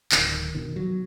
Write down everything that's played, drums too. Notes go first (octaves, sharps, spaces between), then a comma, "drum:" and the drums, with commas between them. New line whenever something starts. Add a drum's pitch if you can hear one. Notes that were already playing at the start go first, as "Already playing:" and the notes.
D1 D#3, drum: clap
B2 D#3
F#3